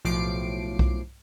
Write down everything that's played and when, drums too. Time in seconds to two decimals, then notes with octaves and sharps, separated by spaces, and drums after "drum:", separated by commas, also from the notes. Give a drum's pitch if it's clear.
0.05 B1 A2 F3 D6 C7 D7
0.79 drum: kick B1